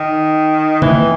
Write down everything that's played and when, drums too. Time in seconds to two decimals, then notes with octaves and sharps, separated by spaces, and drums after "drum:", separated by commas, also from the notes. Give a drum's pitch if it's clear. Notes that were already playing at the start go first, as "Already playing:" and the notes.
Already playing: D#3
0.82 E3, drum: tom